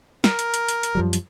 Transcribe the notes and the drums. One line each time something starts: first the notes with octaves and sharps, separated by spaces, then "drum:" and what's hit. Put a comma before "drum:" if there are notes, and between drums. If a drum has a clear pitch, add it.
A#4, drum: snare
drum: hi-hat
drum: hi-hat
drum: hi-hat
drum: hi-hat
F#2 F3 G3
drum: hi-hat